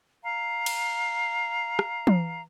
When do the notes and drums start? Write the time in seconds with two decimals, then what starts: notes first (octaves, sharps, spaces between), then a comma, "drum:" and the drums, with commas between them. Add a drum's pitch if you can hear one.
0.23 F5 A#5
0.66 drum: cymbal
1.79 drum: rim click
2.07 drum: tom